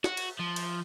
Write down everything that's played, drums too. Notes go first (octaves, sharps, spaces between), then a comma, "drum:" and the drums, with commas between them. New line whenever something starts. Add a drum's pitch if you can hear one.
F#4, drum: snare
drum: cymbal
F3
drum: cymbal